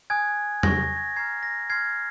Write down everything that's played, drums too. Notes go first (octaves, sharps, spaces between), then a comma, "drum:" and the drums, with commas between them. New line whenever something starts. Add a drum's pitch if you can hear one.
G#5 D#6 F#6 G#6
G#5 C#6 F#6 A#6, drum: tom E2
G#6
A#6
A#5 C#6 F6 G#6 C7
A#6
C6 F6 G#6 C7